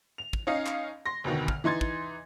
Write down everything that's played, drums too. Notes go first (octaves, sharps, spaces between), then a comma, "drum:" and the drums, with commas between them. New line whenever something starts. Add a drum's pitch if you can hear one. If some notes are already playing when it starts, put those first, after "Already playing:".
F7
drum: kick
C#4 D#4 D#5 F5
drum: clap
C6 A#6
F1 D2 B2 D#3
F6, drum: kick
E3 D#4 C6 G#6 A6
drum: kick